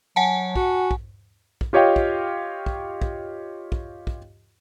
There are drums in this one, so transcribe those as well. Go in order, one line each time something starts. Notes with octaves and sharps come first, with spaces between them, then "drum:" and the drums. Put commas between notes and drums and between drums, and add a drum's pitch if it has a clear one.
F#3 F#5 G#5 A5
F#4, drum: kick
drum: kick
drum: kick
F4 G4 C#5 D#5 F5 G5
drum: kick
drum: kick
drum: kick
drum: kick
drum: kick